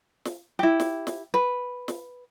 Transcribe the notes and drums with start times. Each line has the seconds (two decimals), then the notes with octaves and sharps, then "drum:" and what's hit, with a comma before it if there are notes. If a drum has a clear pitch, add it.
0.25 drum: snare
0.59 E4 G4
0.80 drum: snare
1.07 drum: snare
1.34 B4
1.88 drum: snare